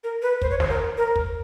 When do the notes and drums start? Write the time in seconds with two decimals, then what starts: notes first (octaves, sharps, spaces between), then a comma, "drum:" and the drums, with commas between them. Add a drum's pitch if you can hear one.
0.04 A#4
0.22 B4
0.42 C5, drum: kick
0.50 C#5
0.60 C5, drum: snare
0.69 A#4
0.98 A#4
1.16 drum: kick